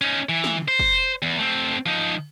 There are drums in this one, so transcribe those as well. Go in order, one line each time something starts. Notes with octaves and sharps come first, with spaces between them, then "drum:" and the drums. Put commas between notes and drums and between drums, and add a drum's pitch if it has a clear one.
C#4 D#4
E3
drum: snare
C5
drum: kick
E2
A3 C4
F3 D#4